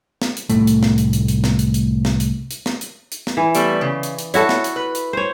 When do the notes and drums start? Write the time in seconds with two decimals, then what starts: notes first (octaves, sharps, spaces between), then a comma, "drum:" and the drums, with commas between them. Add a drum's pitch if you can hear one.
0.22 drum: snare
0.37 drum: hi-hat
0.50 C2 A2 A3, drum: hi-hat
0.67 drum: hi-hat
0.83 drum: snare
0.98 drum: hi-hat
1.13 drum: hi-hat
1.28 drum: hi-hat
1.44 drum: snare
1.59 drum: hi-hat
1.74 drum: hi-hat
2.05 drum: snare
2.20 drum: hi-hat
2.51 drum: hi-hat
2.66 drum: snare
2.81 drum: hi-hat
3.12 drum: hi-hat
3.27 drum: snare
3.37 E3
3.55 G3 A3 B3, drum: hi-hat
3.81 C#3
4.03 drum: hi-hat
4.19 drum: hi-hat
4.34 E4 F#4 A4 C#5, drum: hi-hat
4.49 drum: snare
4.64 drum: hi-hat
4.76 B4
4.95 drum: hi-hat
5.13 C5 C#5